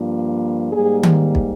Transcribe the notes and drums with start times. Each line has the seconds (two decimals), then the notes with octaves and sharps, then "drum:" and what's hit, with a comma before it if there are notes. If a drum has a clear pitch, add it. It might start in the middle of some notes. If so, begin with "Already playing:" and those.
Already playing: G2 F3 A#3
0.72 G#2 G3 A#3 G#4
1.03 drum: tom D#3
1.35 drum: kick